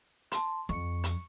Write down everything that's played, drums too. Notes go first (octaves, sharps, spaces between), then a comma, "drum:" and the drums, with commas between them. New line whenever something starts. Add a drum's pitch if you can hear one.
A5 C6, drum: hi-hat
F2 C#6 C#7
drum: hi-hat